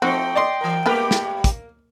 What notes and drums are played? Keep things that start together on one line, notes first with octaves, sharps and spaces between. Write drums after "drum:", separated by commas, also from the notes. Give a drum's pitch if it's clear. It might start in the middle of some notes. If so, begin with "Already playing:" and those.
F3 A3 C4 D#4 F#4 G5
D5 D#5 C6
E3 A#4
G2 G#3 A#3 B3 G4 A#4 B4
drum: snare
drum: kick, hi-hat